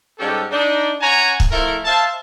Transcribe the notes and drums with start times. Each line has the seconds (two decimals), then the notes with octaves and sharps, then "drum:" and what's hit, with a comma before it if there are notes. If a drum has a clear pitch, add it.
0.19 G#2 G3 C#4 G4 A4
0.51 D4 D#4
1.01 C#4 C#5 F#5 G#5 A#5
1.40 drum: kick
1.51 F3 A3 E4 A4 A#4 E5
1.85 C5 E5 F5 A5